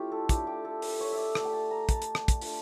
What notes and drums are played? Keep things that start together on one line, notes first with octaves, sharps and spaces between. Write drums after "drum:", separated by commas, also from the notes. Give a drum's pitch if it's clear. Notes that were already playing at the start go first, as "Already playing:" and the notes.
Already playing: A3 C#4 E4 F4 G4 C#5
A4
A3 D4 F4 G4, drum: kick, hi-hat
G4
A4
drum: open hi-hat
C#5
E5
D5
A3 D4 F4 E5, drum: rim click
G5
A5
A#5
A5, drum: kick, hi-hat
drum: hi-hat
drum: rim click
drum: kick, hi-hat
A3 D4 F4, drum: open hi-hat